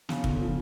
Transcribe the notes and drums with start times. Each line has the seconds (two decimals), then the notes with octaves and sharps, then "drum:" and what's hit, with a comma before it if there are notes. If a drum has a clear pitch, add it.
0.09 C#3, drum: snare
0.24 D3, drum: kick
0.39 F3